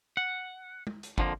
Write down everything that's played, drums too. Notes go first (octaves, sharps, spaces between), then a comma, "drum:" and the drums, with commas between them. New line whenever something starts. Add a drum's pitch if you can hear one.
F#5
drum: tom
drum: hi-hat
F2 D3 F3 A#3, drum: kick